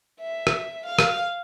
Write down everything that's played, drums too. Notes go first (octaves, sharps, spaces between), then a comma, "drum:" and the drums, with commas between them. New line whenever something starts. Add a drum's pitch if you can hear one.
E5
drum: rim click
F5
drum: rim click